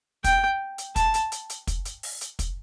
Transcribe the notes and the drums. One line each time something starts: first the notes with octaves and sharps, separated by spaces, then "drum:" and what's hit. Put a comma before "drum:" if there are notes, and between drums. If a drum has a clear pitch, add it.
G5, drum: kick, hi-hat
drum: hi-hat
A5, drum: kick, hi-hat
drum: hi-hat
drum: hi-hat
drum: hi-hat
drum: kick, hi-hat
drum: hi-hat
drum: open hi-hat
drum: hi-hat
drum: kick, hi-hat